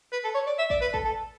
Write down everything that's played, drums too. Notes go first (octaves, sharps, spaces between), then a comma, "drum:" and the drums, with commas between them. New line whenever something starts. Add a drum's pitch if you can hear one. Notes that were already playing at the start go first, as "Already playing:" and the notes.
B4
A4
C#5
D5
E5
D5, drum: kick
B4
A4, drum: kick
A4